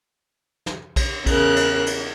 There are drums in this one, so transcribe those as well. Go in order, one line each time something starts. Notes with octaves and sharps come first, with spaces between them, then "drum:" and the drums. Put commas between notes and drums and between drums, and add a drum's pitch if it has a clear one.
drum: snare
drum: kick A#1, cymbal
E2 C#3 A#4 F#6, drum: kick A#1, cymbal
drum: cymbal
drum: cymbal